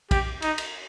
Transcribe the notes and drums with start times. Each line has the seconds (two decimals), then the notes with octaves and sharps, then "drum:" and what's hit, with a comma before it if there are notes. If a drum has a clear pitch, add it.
0.11 G4, drum: kick, cymbal
0.42 D#4, drum: cymbal
0.58 drum: cymbal